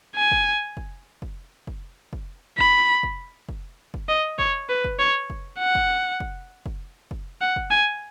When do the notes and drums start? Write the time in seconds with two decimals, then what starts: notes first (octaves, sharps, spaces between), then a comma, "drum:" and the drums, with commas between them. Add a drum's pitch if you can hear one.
0.16 G#5
0.31 drum: kick
0.77 drum: kick
1.22 drum: kick
1.67 drum: kick
2.13 drum: kick
2.58 B5, drum: kick
3.03 drum: kick
3.49 drum: kick
3.94 drum: kick
4.09 D#5
4.39 C#5, drum: kick
4.69 B4
4.84 drum: kick
5.00 C#5
5.30 drum: kick
5.59 F#5
5.75 drum: kick
6.20 drum: kick
6.66 drum: kick
7.11 drum: kick
7.41 F#5
7.56 drum: kick
7.71 G#5